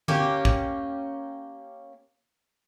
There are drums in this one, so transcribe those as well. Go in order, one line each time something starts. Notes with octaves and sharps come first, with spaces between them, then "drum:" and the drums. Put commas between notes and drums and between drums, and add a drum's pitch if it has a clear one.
A#3 C#4 G4, drum: tom D3
drum: kick